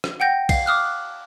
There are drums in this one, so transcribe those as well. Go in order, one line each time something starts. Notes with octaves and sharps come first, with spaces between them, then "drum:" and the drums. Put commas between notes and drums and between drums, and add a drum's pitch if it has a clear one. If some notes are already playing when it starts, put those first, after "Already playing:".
drum: rim click
F#5 G5 G6 A#6
F5 C7, drum: kick, cymbal
D6 D#6 F6 F#6
F#6